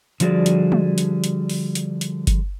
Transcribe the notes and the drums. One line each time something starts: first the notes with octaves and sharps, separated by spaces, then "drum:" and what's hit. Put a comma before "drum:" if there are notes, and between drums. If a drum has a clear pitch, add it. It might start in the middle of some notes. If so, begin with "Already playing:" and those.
D3 F3 G3 F#4 G#4 D5, drum: hi-hat
drum: hi-hat
drum: tom G3
drum: hi-hat
drum: hi-hat
drum: open hi-hat
drum: hi-hat
drum: hi-hat
drum: kick G1, hi-hat